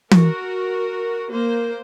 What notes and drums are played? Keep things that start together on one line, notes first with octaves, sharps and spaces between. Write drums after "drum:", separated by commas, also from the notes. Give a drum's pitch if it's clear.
F#4 A#4, drum: tom E3
A#3 C5